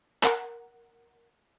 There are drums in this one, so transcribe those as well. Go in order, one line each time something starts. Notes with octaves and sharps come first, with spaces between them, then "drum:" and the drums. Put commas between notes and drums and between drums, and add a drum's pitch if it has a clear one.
A#4 F#5, drum: clap